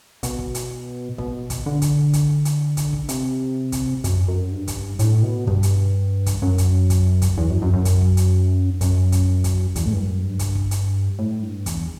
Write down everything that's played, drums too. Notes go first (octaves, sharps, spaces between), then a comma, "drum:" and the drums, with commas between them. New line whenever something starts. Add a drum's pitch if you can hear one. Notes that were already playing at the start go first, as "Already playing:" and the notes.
B2, drum: kick, hi-hat
drum: kick
drum: hi-hat
B2, drum: kick
drum: kick, hi-hat
D3
drum: kick, hi-hat
drum: kick, hi-hat
drum: hi-hat
drum: kick, hi-hat
drum: kick
C3, drum: hi-hat
drum: kick, hi-hat
F#2, drum: kick, hi-hat
F#2
G2
drum: kick, hi-hat
A2, drum: hi-hat
B2
G2, drum: kick
drum: hi-hat
drum: kick, hi-hat
F#2
drum: kick, hi-hat
drum: kick, hi-hat
drum: kick, hi-hat
E2
F#2
F#2
F#2
drum: kick, hi-hat
drum: kick
drum: hi-hat
F#2, drum: kick, hi-hat
drum: kick, hi-hat
drum: kick, hi-hat
E2, drum: kick, hi-hat
A2
G2
F#2
G2
drum: kick, hi-hat
drum: kick
drum: hi-hat
A2
G2
E2, drum: kick, hi-hat